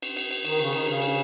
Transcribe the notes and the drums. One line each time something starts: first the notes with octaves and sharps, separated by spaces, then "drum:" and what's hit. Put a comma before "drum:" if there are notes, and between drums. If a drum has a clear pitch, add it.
drum: cymbal
drum: cymbal
drum: cymbal
D#3, drum: cymbal
C#3, drum: cymbal
D#3, drum: cymbal
C#3, drum: cymbal
drum: cymbal